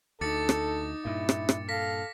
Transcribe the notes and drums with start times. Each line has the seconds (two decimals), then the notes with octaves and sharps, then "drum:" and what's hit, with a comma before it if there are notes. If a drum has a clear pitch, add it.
0.21 D2 D#4 A4 D6 A6 C#7
0.49 drum: rim click
1.05 G2 A#2 E4
1.29 drum: rim click
1.49 drum: rim click
1.69 A4 F5 A#6 B6